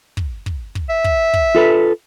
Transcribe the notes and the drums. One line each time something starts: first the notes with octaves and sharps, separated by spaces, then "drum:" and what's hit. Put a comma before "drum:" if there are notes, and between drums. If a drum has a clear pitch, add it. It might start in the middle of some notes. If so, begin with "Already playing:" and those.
drum: kick
drum: kick
drum: kick
E5
drum: kick
drum: kick
F4 A4 B4